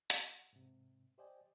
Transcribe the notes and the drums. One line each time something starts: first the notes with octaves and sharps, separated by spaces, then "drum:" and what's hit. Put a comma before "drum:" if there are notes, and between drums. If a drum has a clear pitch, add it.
F#5, drum: hi-hat
G#2 C3
G4 C5 D5 D#5 G5 G#5